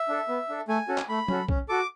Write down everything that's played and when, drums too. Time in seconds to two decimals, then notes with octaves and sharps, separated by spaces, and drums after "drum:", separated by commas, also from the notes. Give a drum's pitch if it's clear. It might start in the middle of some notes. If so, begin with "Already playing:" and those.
Already playing: E5
0.09 D4 A4
0.28 B3
0.49 D4 A4
0.68 A3 G#5
0.88 C#4 F#4 A4
0.98 drum: clap
1.09 A3 B5
1.28 C#4 F#4 A4, drum: tom F#3
1.49 C#4, drum: kick
1.69 F#4 A4 D6